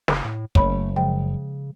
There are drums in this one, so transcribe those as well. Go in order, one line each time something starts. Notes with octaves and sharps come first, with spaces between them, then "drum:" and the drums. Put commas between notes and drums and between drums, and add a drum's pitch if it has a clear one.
F#1, drum: snare
A2
F#1 A3 C#5 B5, drum: kick
C#3 F3 G#3 G5